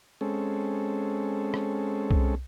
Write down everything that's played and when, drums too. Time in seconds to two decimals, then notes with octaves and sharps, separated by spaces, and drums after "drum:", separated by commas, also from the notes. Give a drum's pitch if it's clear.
0.21 G#3 C4 C#4 A4
1.54 drum: rim click
2.11 drum: kick C2